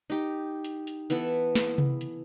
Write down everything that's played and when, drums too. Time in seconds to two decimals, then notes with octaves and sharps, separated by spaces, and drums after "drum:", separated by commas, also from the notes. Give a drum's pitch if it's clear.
0.10 D#4 G4
0.64 drum: hi-hat
0.87 drum: hi-hat
1.10 E3 B3 E4 A4, drum: hi-hat
1.55 drum: snare
1.78 drum: tom C3
2.01 drum: hi-hat